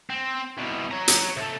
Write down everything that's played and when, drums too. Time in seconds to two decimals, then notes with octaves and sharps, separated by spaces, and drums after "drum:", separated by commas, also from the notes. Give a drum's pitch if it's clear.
0.10 C4
0.58 C2 B2
0.91 C#5 A#5
1.08 drum: hi-hat
1.37 C3 A4